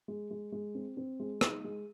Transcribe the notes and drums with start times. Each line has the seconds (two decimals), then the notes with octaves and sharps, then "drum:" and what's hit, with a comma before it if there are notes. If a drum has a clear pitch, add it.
0.08 G#3
0.31 G#3
0.52 G#3
0.75 C4
0.97 C4
1.20 G#3
1.41 D#4, drum: rim click
1.64 G#3